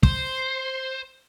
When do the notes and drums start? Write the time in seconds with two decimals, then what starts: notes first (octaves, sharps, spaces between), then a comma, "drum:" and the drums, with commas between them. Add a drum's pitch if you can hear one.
0.03 C5, drum: kick